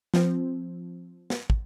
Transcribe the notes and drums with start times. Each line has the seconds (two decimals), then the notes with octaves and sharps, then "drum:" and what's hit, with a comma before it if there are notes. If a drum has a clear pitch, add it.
0.14 F3 C4, drum: snare
1.30 drum: snare
1.50 drum: kick